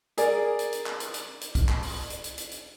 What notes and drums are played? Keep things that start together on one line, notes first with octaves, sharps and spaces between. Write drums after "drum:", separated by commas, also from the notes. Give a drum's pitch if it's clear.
G#4 A#4 D5, drum: hi-hat
drum: hi-hat
drum: hi-hat
drum: clap
drum: hi-hat
drum: hi-hat
drum: hi-hat
drum: kick, hi-hat
drum: clap
drum: open hi-hat
drum: hi-hat
drum: hi-hat
drum: hi-hat
drum: hi-hat